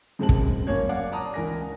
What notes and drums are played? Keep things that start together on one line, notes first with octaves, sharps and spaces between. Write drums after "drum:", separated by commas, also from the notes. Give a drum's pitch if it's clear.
F#2 C#3 G#3 C4 A5 F#7
drum: kick
F#2 A#3 C#4 C#5 G#6
D5 F5 F#5 D6
D5 A5 A#5 D#6
C#2 E3 A#4 G#5 A#5 A#6